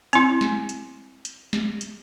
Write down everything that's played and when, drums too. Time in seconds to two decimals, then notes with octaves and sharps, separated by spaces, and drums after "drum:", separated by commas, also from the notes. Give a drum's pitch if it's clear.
0.13 C4 E4, drum: hi-hat
0.41 drum: snare
0.69 drum: hi-hat
1.25 drum: hi-hat
1.53 drum: snare
1.81 drum: hi-hat